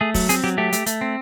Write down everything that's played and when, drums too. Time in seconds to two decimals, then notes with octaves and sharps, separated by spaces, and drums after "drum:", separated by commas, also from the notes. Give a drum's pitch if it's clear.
0.01 A3 G#4
0.14 F#3, drum: kick, open hi-hat
0.29 C4 G#4, drum: hi-hat
0.44 F#3 G4
0.58 A3 G4
0.73 A3, drum: hi-hat
0.86 A3, drum: hi-hat
1.01 C4